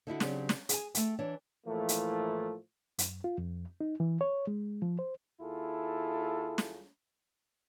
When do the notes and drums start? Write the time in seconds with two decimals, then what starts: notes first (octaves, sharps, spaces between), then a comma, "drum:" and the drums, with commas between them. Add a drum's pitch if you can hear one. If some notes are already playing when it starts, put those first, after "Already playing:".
0.07 D3 D#4 E4 F#4
0.20 C#3 F#3 B3 C4 D4 G4, drum: snare
0.49 drum: snare
0.69 G#4 G#5, drum: hi-hat
0.95 A3 G5, drum: hi-hat
1.19 E3 D4 C#5
1.67 A2 E3 F3 A3 A#3
1.89 drum: hi-hat
2.99 F#2, drum: hi-hat
3.24 F4
3.38 F2
3.81 D#4
4.00 E3
4.21 C#5
4.47 G#3
4.82 F3
4.99 C5
5.41 D#2 E4 F4 G#4 A4
6.58 drum: snare